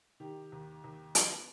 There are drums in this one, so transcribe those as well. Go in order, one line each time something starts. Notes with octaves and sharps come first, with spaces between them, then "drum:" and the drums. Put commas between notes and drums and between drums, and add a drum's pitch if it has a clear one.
D#3 G4
D#2
D#2
B3, drum: hi-hat